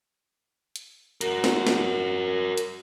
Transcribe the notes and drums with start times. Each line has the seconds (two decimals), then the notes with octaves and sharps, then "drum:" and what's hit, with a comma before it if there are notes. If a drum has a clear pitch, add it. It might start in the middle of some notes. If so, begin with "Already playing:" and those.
0.76 drum: hi-hat
1.21 F#4 A#4, drum: hi-hat
1.44 drum: snare
1.67 drum: snare
2.58 drum: hi-hat